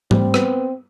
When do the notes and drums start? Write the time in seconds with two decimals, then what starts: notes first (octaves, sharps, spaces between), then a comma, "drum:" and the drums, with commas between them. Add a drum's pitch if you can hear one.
0.11 G3 C4, drum: tom
0.34 B3, drum: rim click